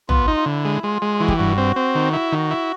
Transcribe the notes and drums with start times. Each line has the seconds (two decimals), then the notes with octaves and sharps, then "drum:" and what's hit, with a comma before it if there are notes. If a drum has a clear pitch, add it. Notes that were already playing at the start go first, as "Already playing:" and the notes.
0.09 B3 F4, drum: tom
0.28 D#4
0.36 F4
0.45 D3 E4
0.65 G#3
0.83 G#3 F4
1.02 G#3
1.20 E3 F#4
1.28 G4, drum: kick
1.36 G2 F#4
1.58 C4
1.76 C4
1.95 D#3
2.13 E4
2.32 D#3
2.51 E4